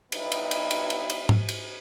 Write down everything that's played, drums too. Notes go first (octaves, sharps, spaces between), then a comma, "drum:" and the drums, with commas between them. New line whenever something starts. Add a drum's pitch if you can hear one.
B1 G2 B3 D#4 E4, drum: cymbal
drum: cymbal
drum: cymbal
drum: cymbal
drum: cymbal
drum: cymbal
drum: tom G#2
drum: cymbal